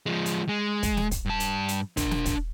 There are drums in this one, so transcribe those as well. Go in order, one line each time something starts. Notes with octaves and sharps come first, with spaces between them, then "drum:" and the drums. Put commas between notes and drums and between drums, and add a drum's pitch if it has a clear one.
F3 G#3
drum: hi-hat
G#3
drum: kick, hi-hat
drum: snare
drum: kick, hi-hat
G2 A5
drum: hi-hat
drum: hi-hat
D4 A#4, drum: kick, hi-hat
drum: snare
drum: kick, hi-hat